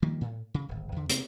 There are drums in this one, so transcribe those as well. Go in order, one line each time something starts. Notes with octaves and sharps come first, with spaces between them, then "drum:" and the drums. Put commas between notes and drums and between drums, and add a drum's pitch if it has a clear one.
D#3 F3 G3 A#3
A2
C#3
D1 G#1
E2 D3
C3 C4, drum: hi-hat